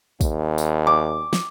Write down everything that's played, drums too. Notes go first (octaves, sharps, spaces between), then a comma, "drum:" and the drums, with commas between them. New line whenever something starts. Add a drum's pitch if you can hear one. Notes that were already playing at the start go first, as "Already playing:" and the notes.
D#2, drum: kick, tambourine
drum: tambourine
D6
drum: snare